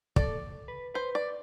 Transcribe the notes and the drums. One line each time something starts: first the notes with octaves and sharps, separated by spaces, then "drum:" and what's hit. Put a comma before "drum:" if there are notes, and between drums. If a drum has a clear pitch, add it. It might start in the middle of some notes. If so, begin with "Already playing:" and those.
A4 D5, drum: kick
B4
B4 C5
D5